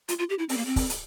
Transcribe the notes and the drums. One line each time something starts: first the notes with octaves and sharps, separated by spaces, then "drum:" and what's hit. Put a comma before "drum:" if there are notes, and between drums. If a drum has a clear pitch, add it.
F4, drum: hi-hat
F4
G4
E4
C4, drum: open hi-hat
A#3
C4
drum: kick, open hi-hat
drum: hi-hat